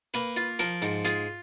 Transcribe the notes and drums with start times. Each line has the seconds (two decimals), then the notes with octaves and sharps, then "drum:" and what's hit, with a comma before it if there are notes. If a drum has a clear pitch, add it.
0.14 A#3 B4, drum: hi-hat
0.37 F4, drum: hi-hat
0.59 F3 A#4, drum: hi-hat
0.82 G#2, drum: hi-hat
1.05 F4 G#4, drum: hi-hat